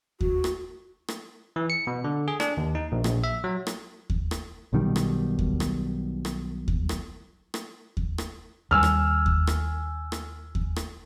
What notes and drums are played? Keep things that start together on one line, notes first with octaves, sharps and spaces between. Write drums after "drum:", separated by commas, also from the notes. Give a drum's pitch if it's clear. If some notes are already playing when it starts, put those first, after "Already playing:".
F#4, drum: kick D#2
drum: rim click
drum: rim click
E3
C#7
B2
D3
G#4
D4, drum: rim click
D#2
D#4
A#1
A#1, drum: rim click
E5
F#3
drum: rim click
drum: kick D#2
drum: rim click
B1 B2 D#3 G3
drum: rim click
drum: kick D#2
drum: rim click
drum: rim click
drum: kick D#2
drum: rim click
drum: rim click
drum: kick D#2
drum: rim click
D#2 G3 G#5 E6 F6
drum: rim click
drum: kick D#2
drum: rim click
drum: rim click
drum: kick D#2
drum: rim click